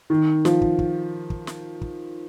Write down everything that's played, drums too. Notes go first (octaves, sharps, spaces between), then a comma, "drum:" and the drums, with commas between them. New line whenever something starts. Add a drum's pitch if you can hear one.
D#3
F3, drum: snare
drum: kick
drum: kick
drum: kick
drum: snare
drum: kick